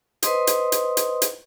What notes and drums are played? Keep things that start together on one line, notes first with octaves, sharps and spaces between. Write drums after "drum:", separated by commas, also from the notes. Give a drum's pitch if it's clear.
B4 C5 D#5 C6 D#6, drum: hi-hat
drum: hi-hat
drum: hi-hat
drum: hi-hat
drum: hi-hat